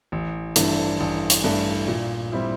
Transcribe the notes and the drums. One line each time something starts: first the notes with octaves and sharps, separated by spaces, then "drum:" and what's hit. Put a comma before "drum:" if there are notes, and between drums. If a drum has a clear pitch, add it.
A1
G2 E3 A3 D4, drum: hi-hat
A1
drum: hi-hat
G2 E3 A3 D4
A#2
G3 C4 E4